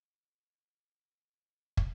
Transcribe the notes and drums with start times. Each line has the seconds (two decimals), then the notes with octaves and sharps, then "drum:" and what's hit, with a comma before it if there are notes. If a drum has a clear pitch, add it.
0.13 A#2 F#3 A4
0.27 E4
0.42 F4
0.54 A4
0.69 G#4
0.83 A#4
0.96 A4
1.10 A#4
1.22 B2 G3 A#4
1.77 drum: kick